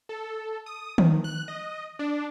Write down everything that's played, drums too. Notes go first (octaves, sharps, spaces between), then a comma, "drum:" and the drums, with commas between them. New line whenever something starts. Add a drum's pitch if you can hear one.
A4
D#6
D#3, drum: tom D#3
F#6
D#5
D4